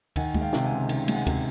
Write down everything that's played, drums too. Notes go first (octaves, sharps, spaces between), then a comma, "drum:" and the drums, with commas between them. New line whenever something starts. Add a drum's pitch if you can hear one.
D#3 F#5 G#5, drum: kick, cymbal
G#3, drum: kick
F5 G5
C3, drum: snare
F#5 G#5
C#2
D#3, drum: cymbal
G#3, drum: cymbal
F#5 G#5
C3, drum: kick, cymbal